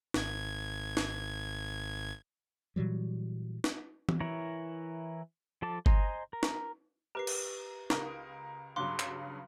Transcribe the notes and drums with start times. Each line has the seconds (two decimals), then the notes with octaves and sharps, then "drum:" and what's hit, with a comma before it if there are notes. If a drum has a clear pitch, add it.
0.14 G#1 G#6, drum: snare
0.97 drum: snare
2.76 A#2 E3 F#3 G3
3.64 drum: snare
4.09 drum: tom
4.20 E3 E4 A#4 C#5
5.62 F3 A4 A5 D6
5.86 C5 D#5 G#5 A#5 C6, drum: kick G1
6.33 A#4
6.43 drum: snare
7.15 G4 A#4 B4 C7
7.27 drum: cymbal
7.90 C#2 A#4 D#6, drum: snare
8.76 G2 C#3 F#3 C6 D6 F#6
8.99 drum: clap